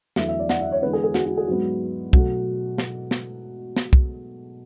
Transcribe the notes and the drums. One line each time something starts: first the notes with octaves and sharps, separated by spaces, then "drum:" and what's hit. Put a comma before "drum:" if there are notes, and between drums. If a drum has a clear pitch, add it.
E2 D3 F#3 A3 E5, drum: snare
E5
D5
F#5, drum: snare
E5
C#5
E2 D3 G#3 B3 B4
G#4
G#4
F#4, drum: snare
F#4
G#4
G#2 F#3 B3 F#4
B2 F#3 A3 F#4, drum: kick
drum: snare
drum: snare
drum: snare
drum: kick